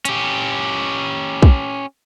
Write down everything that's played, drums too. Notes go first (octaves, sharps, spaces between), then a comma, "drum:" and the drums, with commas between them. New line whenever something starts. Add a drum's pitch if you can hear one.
C#4 G4, drum: hi-hat
drum: kick